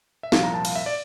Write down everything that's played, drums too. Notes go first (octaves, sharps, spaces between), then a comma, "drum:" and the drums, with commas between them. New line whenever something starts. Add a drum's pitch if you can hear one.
E5
C2 A#2 F3 F5, drum: snare
A#5
A5
F5, drum: cymbal
E5
D5